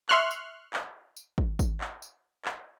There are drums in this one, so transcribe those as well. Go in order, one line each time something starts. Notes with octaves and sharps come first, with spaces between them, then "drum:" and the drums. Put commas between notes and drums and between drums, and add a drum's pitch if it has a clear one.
E5 C6 C#6 F6 F#6, drum: clap
drum: tambourine
drum: clap
drum: tambourine
drum: kick
drum: kick, tambourine
drum: clap
drum: tambourine
drum: clap